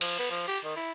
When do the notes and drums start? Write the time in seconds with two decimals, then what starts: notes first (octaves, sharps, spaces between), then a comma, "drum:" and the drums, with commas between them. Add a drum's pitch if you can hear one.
0.01 F3, drum: cymbal
0.18 B3
0.31 F3
0.47 G4
0.64 D#3
0.76 E4